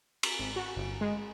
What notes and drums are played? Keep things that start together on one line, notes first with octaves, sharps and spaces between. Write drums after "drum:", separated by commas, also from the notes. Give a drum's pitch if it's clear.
B6, drum: cymbal
G#1
F#4
G1
G#3